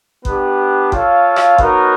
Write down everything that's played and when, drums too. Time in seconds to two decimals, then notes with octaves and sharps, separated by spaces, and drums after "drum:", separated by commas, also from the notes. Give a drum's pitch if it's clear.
0.25 B3 D4 G4, drum: kick G1
0.92 F4 A4 C#5 F5, drum: kick G1
1.36 drum: rim click
1.58 B3 D#4 F#4 A#4 C#5, drum: kick G1